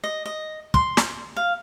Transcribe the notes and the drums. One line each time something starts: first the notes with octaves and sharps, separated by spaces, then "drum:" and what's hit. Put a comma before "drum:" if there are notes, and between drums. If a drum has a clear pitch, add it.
D#5
D#5
C6, drum: kick
drum: snare
F5